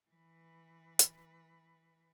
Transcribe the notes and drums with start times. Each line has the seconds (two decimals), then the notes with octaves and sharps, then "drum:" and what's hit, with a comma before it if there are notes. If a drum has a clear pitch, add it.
0.11 E3 B4
0.99 drum: hi-hat